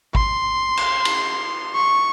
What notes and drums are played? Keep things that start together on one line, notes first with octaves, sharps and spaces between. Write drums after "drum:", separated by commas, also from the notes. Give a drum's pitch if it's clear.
C6, drum: kick G#1
drum: cymbal
drum: cymbal
C#6